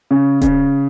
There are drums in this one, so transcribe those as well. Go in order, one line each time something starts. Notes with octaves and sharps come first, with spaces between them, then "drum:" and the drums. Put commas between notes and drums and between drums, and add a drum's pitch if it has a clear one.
C#3
C#3, drum: kick D#1, hi-hat